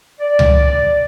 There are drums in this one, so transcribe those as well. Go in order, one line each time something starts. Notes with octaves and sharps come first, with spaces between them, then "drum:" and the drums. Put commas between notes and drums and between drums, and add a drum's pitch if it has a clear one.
D5
drum: tom C#2